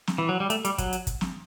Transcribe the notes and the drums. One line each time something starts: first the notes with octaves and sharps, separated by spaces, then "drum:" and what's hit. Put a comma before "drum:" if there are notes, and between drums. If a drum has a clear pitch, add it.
drum: snare
E3
F#3
G3
A3, drum: hi-hat
G3, drum: hi-hat
F#3, drum: kick, hi-hat
drum: hi-hat
drum: kick, hi-hat
drum: snare